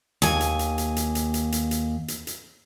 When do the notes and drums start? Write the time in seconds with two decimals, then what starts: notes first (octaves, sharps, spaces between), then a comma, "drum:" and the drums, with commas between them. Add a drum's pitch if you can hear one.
0.22 D#2 G#5, drum: hi-hat
0.41 drum: hi-hat
0.59 drum: hi-hat
0.78 drum: hi-hat
0.96 drum: hi-hat
1.15 drum: hi-hat
1.34 drum: hi-hat
1.52 drum: hi-hat
1.71 drum: hi-hat
2.08 drum: hi-hat
2.27 drum: hi-hat